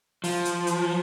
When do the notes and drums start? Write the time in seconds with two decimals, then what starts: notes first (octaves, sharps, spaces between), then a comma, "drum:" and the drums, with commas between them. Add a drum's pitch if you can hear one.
0.24 F3, drum: open hi-hat
0.45 drum: hi-hat
0.67 drum: hi-hat